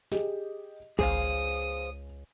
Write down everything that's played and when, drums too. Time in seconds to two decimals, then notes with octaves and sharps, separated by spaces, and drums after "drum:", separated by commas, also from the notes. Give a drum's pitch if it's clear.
0.12 G4 G#4 D#5, drum: snare
0.99 C#2 G#4 C5 F5 G#5 D#6, drum: kick